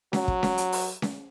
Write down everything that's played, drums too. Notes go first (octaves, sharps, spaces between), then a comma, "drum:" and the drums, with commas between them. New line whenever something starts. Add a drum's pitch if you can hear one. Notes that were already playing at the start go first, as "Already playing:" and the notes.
F#3, drum: snare C#4
drum: kick
drum: snare C#4
drum: hi-hat
drum: open hi-hat
drum: snare C#4